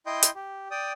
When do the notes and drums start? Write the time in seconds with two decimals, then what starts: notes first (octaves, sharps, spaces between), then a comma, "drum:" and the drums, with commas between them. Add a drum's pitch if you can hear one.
0.06 E4 D#5 G5 C6 G6
0.23 drum: hi-hat
0.35 G4
0.71 D5 G5 D#6